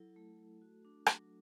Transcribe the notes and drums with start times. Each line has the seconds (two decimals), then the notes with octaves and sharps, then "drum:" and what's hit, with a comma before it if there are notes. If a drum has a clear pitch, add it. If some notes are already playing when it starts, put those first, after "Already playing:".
Already playing: F#3 E4 A4
0.16 A3
0.39 A3
0.62 F#4
0.85 D4
1.06 F#3, drum: rim click